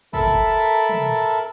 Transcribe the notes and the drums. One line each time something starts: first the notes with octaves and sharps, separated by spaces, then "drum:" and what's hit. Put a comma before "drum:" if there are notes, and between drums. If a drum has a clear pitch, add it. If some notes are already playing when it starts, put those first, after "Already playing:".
A4 A#4 E5 A5 B5, drum: kick
drum: kick
drum: tom